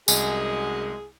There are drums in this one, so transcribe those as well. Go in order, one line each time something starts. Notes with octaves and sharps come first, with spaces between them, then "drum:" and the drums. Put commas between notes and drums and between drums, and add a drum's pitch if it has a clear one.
C2 F#2 G#3 G#4 G#5, drum: tambourine